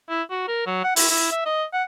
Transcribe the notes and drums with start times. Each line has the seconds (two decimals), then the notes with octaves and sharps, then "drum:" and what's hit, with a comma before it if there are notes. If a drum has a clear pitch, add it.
0.09 E4
0.30 F#4
0.48 A#4
0.67 F#3
0.84 F#5
0.96 E4, drum: open hi-hat
1.10 E4
1.31 E5
1.46 D#5
1.73 F#5